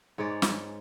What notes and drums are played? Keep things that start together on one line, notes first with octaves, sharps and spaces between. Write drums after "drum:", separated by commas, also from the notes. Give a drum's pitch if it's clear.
G#2 G#3 C#5 D5
drum: snare